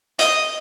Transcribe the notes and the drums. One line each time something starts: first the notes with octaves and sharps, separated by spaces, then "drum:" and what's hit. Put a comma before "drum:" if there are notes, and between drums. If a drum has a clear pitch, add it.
D#5, drum: hi-hat